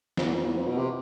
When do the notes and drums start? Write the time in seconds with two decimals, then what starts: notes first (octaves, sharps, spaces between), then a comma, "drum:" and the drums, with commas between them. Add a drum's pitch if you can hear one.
0.17 F2, drum: snare
0.23 E2
0.34 F2
0.45 E2
0.56 F2
0.67 B2
0.77 C3